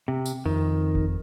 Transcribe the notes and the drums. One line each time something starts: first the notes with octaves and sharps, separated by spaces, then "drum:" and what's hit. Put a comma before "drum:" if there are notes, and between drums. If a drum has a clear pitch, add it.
C3
drum: tambourine
F2 D#3
drum: kick G1